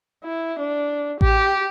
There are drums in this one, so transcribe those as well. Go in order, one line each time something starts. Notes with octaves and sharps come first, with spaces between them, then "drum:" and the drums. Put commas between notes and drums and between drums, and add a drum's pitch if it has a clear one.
E4
D4
G4, drum: kick A1